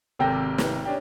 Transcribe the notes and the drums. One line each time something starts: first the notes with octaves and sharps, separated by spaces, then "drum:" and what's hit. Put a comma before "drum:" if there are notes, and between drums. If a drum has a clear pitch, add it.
G#1 C3 G4 A4 G5 A#6
drum: snare
C#4 D4 G4